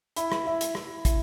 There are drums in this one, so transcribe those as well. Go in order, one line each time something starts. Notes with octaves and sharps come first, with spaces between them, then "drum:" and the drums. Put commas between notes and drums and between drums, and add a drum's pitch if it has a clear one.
E4 B5, drum: hi-hat
drum: rim click
E4
drum: hi-hat
E4, drum: rim click
E4, drum: kick, hi-hat